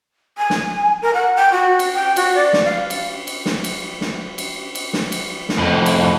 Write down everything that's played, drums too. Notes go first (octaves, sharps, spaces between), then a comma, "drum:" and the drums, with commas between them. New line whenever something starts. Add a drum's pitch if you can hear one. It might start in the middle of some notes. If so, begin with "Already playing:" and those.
G#5
drum: snare
A#4
F#5
G5
F#4
drum: cymbal
G5
F#4, drum: cymbal
D5
drum: snare
F5
drum: cymbal
drum: cymbal
drum: snare
drum: cymbal
drum: snare
drum: cymbal
drum: cymbal
drum: snare
drum: cymbal
drum: snare
F2 A2
drum: cymbal